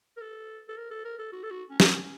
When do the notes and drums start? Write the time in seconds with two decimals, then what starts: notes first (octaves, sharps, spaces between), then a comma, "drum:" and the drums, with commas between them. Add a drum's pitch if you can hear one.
0.17 A#4
0.21 A4
0.68 A4
0.77 A#4
0.91 A4
1.05 A#4
1.18 A4
1.32 F#4
1.43 A4
1.50 F#4
1.70 C#4
1.80 D#4, drum: snare
1.90 C#4